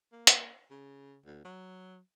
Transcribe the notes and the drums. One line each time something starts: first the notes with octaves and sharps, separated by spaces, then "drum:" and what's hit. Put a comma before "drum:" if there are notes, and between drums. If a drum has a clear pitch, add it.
A#3
drum: hi-hat
C#3
D2
F#3